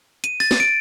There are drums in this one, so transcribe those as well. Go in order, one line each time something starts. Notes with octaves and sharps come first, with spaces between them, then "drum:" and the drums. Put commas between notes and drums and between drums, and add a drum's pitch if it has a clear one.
D#7, drum: hi-hat
A6, drum: open hi-hat
drum: snare
D7